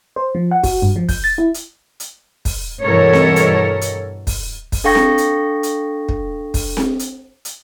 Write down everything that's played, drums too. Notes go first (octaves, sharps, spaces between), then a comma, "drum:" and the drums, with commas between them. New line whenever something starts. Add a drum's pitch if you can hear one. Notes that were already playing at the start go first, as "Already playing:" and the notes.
C5
F3
F#5
F#4, drum: kick, open hi-hat
G2
F3
G6, drum: kick, open hi-hat
A6
E4
drum: hi-hat
drum: hi-hat
drum: kick, open hi-hat
G2 B2 E3 A4 A#4 C#5
drum: snare C4
drum: hi-hat
drum: hi-hat
drum: kick, open hi-hat
drum: kick, open hi-hat
D4 A4 F5 G5 C#6 A#6
drum: snare C4
drum: hi-hat
drum: hi-hat
drum: kick
drum: kick, open hi-hat
drum: snare C4
drum: hi-hat
drum: hi-hat